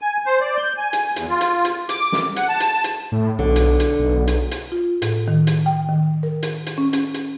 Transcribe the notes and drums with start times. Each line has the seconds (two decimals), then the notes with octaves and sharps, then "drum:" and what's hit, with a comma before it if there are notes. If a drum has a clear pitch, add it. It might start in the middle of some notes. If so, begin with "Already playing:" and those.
0.01 G#5
0.26 C5
0.41 D5
0.57 G6
0.78 G#5
0.93 drum: hi-hat
1.16 E2, drum: hi-hat
1.29 F4
1.41 drum: hi-hat
1.65 drum: hi-hat
1.89 D6, drum: hi-hat
2.12 drum: snare
2.36 F#5, drum: hi-hat
2.49 A5
2.60 drum: hi-hat
2.84 drum: hi-hat
3.12 A2
3.39 B1 D3
3.56 drum: hi-hat
3.80 drum: hi-hat
3.99 B1
4.27 drum: hi-hat
4.51 drum: hi-hat
4.72 F4
5.02 A2, drum: hi-hat
5.28 D#3
5.47 drum: hi-hat
5.66 G5
5.89 D#3
6.23 A#4
6.43 drum: hi-hat
6.66 drum: hi-hat
6.78 C#4
6.93 C#4, drum: hi-hat
7.14 drum: hi-hat